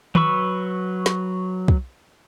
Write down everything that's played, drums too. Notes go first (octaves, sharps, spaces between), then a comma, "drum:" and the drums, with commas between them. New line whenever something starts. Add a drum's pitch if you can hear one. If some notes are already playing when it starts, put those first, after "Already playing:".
F#3 B4 B5 C#6 E6, drum: tom
drum: snare
drum: kick